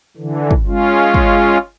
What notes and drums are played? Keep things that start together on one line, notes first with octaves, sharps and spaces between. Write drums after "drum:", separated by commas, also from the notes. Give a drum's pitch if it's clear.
D3 E3
drum: kick
G#3 C#4 F4
drum: kick